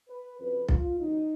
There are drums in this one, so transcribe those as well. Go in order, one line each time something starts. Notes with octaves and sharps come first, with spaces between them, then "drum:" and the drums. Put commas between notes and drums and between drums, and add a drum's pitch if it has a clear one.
B4
F2 C#3 F#3 B4
F4, drum: kick B1
D#2 C#3 F#3 D#4